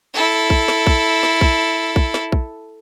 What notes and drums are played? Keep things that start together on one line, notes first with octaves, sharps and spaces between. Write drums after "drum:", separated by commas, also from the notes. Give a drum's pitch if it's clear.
E4 A4
drum: kick A#1
drum: snare
drum: kick A#1
drum: snare
drum: kick A#1
drum: kick A#1
drum: snare
drum: kick A#1